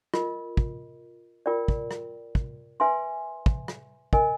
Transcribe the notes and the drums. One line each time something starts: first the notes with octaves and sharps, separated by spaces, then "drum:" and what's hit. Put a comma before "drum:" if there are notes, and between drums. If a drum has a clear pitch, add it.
F4 A#4 D#5, drum: rim click
drum: kick
F4 A#4 D5 G5
drum: kick
drum: rim click
drum: kick
B4 E5 G#5 C6
drum: kick
drum: rim click
A#4 D#5 G#5, drum: kick